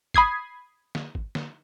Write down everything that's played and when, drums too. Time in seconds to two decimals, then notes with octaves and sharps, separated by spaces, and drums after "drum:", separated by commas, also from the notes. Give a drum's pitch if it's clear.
0.14 B5 D#6 G#6 C7, drum: kick
0.95 drum: snare
1.15 drum: kick
1.35 drum: snare